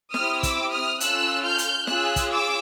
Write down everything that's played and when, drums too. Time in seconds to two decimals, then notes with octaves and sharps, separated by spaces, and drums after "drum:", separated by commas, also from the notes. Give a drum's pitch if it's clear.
0.14 C4 E4 G4 D#6 F6, drum: snare
0.43 D6 E6, drum: kick, hi-hat
0.72 D#6 F6
1.00 C#4 F4 A4 E6 F#6, drum: hi-hat
1.44 F6 G6
1.58 drum: hi-hat
1.87 C#4 F4 G#4 E6 F#6, drum: snare
2.16 drum: kick, hi-hat
2.31 D6 E6